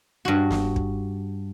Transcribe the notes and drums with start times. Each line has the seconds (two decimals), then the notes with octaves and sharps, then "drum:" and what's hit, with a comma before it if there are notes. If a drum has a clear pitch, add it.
0.25 G2 F#4
0.51 drum: snare
0.76 drum: kick